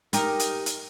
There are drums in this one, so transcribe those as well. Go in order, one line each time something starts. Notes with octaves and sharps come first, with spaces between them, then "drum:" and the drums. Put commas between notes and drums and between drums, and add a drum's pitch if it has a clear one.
D#4 G4 A#4, drum: hi-hat
drum: hi-hat
drum: hi-hat